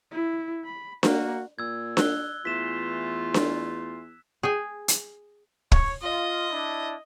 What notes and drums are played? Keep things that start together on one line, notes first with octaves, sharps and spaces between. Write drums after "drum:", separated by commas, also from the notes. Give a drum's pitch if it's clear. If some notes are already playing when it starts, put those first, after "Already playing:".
E4
B5
A#3 F#4, drum: snare D4
A#2 E6 G#6
E6 F#6 G7, drum: snare D4
E2 E3 A3 F4 B6 E7
drum: snare D4
G#4 G5 G#5
drum: hi-hat
C#5, drum: kick
F4 D#5
D4 E4